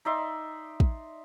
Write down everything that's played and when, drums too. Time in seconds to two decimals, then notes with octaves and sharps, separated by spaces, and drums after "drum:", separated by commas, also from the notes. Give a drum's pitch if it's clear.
0.05 D#4 D5 E5 C6
0.80 drum: kick